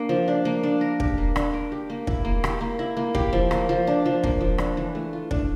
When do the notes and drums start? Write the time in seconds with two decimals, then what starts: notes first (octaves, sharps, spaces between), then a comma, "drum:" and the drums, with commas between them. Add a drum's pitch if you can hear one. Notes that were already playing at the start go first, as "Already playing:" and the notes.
Already playing: A#3 D4
0.09 F3
0.28 D4
0.45 A#3
0.63 D4
0.81 A#4
1.00 G4, drum: kick
1.18 A#3
1.36 D4, drum: rim click
1.54 A#4
1.72 G4
1.90 A#3
2.07 E4, drum: kick
2.25 A#3
2.44 G4, drum: rim click
2.61 A#3
2.79 E4
2.97 A#3
3.15 G4, drum: kick
3.33 F3
3.51 A#3, drum: rim click
3.69 F3
3.87 D4
4.06 F3
4.23 A#3, drum: kick
4.41 F3
4.58 D4, drum: rim click
4.77 E3
4.95 A3
5.13 F4
5.31 D4, drum: kick